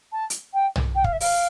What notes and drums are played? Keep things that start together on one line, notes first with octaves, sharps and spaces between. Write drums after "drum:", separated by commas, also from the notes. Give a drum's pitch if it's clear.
A5
drum: hi-hat
G5
drum: tom B1
G5
F5, drum: kick
E5
F5, drum: open hi-hat